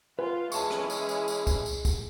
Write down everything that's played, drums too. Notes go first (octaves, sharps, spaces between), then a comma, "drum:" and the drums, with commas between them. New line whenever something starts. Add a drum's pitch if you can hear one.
F4 B4 F#5 G#5
E3 G#3 C#4 E4 A5 C#6, drum: tambourine
drum: rim click
drum: tambourine
drum: tambourine
drum: tambourine
drum: kick, tambourine
drum: tambourine
drum: kick, tambourine